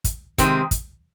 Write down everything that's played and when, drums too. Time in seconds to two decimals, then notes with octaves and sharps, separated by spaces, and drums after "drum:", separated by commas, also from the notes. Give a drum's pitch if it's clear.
0.04 drum: kick, hi-hat
0.38 C3 D#3 G#3 C4, drum: kick, hi-hat
0.71 drum: kick, hi-hat